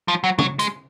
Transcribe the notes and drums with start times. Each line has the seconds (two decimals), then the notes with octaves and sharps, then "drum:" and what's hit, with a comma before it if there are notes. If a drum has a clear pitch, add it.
0.08 F3
0.24 F#3
0.39 F#3, drum: tom
0.59 G#3, drum: hi-hat